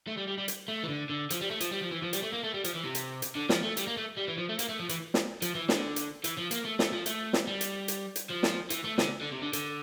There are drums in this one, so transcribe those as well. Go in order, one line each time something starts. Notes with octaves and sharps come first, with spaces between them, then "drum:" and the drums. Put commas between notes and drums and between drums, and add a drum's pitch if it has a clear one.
A3
G3
G3
G3
drum: hi-hat
A3
E3
D3
D3
F3, drum: hi-hat
G3
A3
F3, drum: hi-hat
G3
F3
E3
F3
G3, drum: hi-hat
A3
A#3
A3
G3
F3, drum: hi-hat
E3
C3
drum: hi-hat
drum: hi-hat
D3
F3, drum: snare
A3
G3, drum: hi-hat
A#3
A3
G3
E3
F3
A3
A#3, drum: hi-hat
A3
F3
E3, drum: hi-hat
drum: snare
F3, drum: hi-hat
E3
D3, drum: snare
drum: hi-hat
E3, drum: hi-hat
F3
A#3, drum: hi-hat
A3
A3, drum: snare
F3
A3, drum: hi-hat
drum: snare
G3
drum: hi-hat
drum: hi-hat
drum: hi-hat
F3
drum: snare
E3, drum: hi-hat
A3
D3, drum: snare
D3
C3
D3
D3, drum: hi-hat